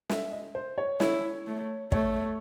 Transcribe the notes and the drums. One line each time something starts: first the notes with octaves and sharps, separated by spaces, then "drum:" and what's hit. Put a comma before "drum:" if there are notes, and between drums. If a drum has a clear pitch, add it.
E5, drum: snare
D#5
C5
C#5
E4 C#5, drum: snare
A3
A3 C#5, drum: kick